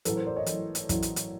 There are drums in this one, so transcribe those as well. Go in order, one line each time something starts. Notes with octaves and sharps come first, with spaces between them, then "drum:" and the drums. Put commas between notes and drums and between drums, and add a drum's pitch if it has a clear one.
A1 A2 F#3 A4 B4, drum: hi-hat
A#4 C5
C5 D5
C#5 D#5
A1 A2 F#3, drum: hi-hat
drum: hi-hat
A1 A2 F#3, drum: kick, hi-hat
drum: hi-hat
drum: hi-hat